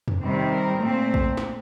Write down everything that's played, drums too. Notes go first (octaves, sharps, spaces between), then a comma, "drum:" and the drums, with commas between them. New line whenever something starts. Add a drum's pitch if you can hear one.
drum: tom E2
C3 D#3 G3 C4
A#4
A#2 A3 C4
drum: kick
drum: snare